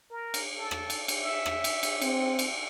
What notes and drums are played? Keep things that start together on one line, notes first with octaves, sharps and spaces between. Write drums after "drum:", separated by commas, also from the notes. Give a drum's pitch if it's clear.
A#4
drum: cymbal
A4
drum: rim click
drum: cymbal
drum: cymbal
E5
drum: rim click
drum: cymbal
drum: cymbal
C4, drum: cymbal
drum: cymbal